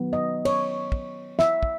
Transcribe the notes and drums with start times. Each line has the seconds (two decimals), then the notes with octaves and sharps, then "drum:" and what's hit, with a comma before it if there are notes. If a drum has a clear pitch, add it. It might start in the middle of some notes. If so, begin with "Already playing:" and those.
Already playing: D#3 F#3 B3
0.13 D#5
0.45 C#5, drum: cymbal
0.92 drum: kick
1.39 E5, drum: snare
1.63 drum: kick